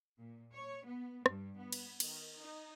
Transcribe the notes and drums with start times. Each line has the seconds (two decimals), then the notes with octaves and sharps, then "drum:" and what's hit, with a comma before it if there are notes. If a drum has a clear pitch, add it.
0.18 A#2
0.53 C#5
0.85 B3
1.26 G2, drum: rim click
1.57 B3
1.72 drum: cymbal
2.00 D#3, drum: cymbal
2.40 D#4